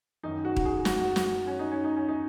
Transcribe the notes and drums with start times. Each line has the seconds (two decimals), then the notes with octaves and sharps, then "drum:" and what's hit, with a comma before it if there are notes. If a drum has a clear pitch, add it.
0.23 F#2 D#3 D#4
0.45 F#4
0.56 F#4, drum: kick D#1
0.65 G#4
0.78 G#4
0.85 F#4, drum: snare
1.00 F#4
1.16 F#4, drum: snare
1.47 C#4
1.59 D#4
1.72 C#4
1.84 D#4
1.96 C#4
2.08 D#4